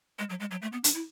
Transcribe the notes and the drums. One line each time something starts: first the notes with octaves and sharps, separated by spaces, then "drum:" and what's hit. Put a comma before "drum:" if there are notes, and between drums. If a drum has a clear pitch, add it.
G#3
F#3
G#3
F#3
A3
B3
D4, drum: hi-hat
E4